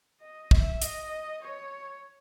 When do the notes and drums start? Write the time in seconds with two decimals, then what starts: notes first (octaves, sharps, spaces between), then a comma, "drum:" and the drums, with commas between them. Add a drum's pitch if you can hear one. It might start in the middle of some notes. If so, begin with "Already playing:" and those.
0.21 D#5
0.51 E5, drum: kick
0.82 D#5, drum: hi-hat
1.42 C#5